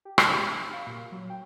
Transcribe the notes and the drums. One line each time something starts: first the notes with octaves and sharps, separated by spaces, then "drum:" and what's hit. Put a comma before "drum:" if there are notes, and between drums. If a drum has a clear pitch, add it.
G4
D#3, drum: rim click
G4
B5
F5
A#2
F#3
G5